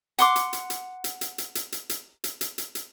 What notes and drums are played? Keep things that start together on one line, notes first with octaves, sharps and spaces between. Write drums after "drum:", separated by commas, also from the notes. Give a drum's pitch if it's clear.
F#5 C6 D6, drum: hi-hat
drum: hi-hat
drum: hi-hat
drum: hi-hat
drum: hi-hat
drum: hi-hat
drum: hi-hat
drum: hi-hat
drum: hi-hat
drum: hi-hat
drum: hi-hat
drum: hi-hat
drum: hi-hat
drum: hi-hat